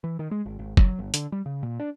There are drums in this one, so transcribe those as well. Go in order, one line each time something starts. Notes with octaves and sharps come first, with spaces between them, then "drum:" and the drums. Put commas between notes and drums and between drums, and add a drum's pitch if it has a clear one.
E3
D#3
G#3
G#1
G#1
F#3, drum: kick F#1
G1
D3, drum: hi-hat
G3
C#3
A#2
D4